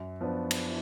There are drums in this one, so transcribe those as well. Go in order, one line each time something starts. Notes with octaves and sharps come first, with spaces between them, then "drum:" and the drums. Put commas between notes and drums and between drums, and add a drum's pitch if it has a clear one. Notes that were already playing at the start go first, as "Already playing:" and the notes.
Already playing: F#2
F3 B3 D4
drum: cymbal